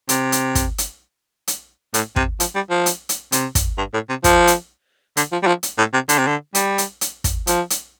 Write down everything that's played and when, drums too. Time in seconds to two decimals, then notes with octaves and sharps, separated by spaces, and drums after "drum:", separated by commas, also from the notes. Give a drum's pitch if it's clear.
0.09 C3, drum: hi-hat
0.32 drum: hi-hat
0.55 drum: kick, hi-hat
0.78 drum: hi-hat
1.48 drum: hi-hat
1.94 A2, drum: hi-hat
2.16 C3, drum: kick
2.40 F3, drum: hi-hat
2.55 G3
2.70 F3
2.86 drum: hi-hat
3.09 drum: hi-hat
3.32 C3, drum: hi-hat
3.55 drum: kick, hi-hat
3.78 G2
3.94 A2
4.09 C3
4.24 F3, drum: kick, hi-hat
4.47 drum: hi-hat
5.17 D3, drum: hi-hat
5.32 F3
5.43 G3
5.47 F3
5.63 drum: hi-hat
5.78 A2
5.93 C3
6.09 D3, drum: hi-hat
6.18 C3
6.27 D3
6.55 G3, drum: hi-hat
6.78 drum: hi-hat
7.01 drum: hi-hat
7.24 drum: kick, hi-hat
7.47 F3, drum: hi-hat
7.70 drum: hi-hat